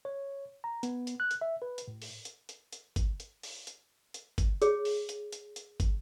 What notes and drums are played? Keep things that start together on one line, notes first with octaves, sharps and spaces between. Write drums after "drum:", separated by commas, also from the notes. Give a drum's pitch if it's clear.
C#5
A#5
B3, drum: hi-hat
drum: hi-hat
F#6
drum: hi-hat
E5
B4
drum: hi-hat
A2
drum: open hi-hat
drum: hi-hat
drum: hi-hat
drum: hi-hat
drum: kick, hi-hat
drum: hi-hat
drum: open hi-hat
drum: hi-hat
drum: hi-hat
drum: kick, hi-hat
G#4 C#5, drum: hi-hat
drum: open hi-hat
drum: hi-hat
drum: hi-hat
drum: hi-hat
drum: kick, hi-hat